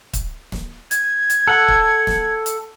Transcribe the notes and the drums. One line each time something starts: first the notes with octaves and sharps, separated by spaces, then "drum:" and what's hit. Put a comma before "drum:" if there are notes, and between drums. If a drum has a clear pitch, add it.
drum: kick, hi-hat
drum: snare
G#6, drum: hi-hat
drum: hi-hat
A4 F#5
drum: kick
drum: snare
drum: hi-hat